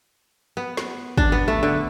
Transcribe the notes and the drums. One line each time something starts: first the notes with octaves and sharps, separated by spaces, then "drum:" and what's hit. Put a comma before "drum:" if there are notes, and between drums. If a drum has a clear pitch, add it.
B3
drum: snare
D4, drum: kick
B3
A3
D3